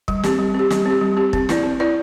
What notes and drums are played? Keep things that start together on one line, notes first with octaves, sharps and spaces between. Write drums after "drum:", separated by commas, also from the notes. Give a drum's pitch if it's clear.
G3, drum: kick
C4 G4, drum: snare
G3
C4 G4
G3, drum: snare
C4 G4
G3
C4 G4
C4, drum: kick
E4 B4 D5, drum: snare
C4
E4 B4 D5